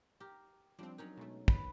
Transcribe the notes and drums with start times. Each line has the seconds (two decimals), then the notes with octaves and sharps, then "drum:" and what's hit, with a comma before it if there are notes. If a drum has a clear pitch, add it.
0.20 G4 A#4
0.79 F3 G3 C4 D4
0.98 F#3 C#4 D#4 A#4
1.17 B2 G#3 A3
1.48 B4, drum: kick